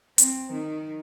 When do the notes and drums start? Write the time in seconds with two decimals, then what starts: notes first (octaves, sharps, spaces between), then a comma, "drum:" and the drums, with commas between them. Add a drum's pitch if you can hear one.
0.18 C4, drum: hi-hat
0.53 D#3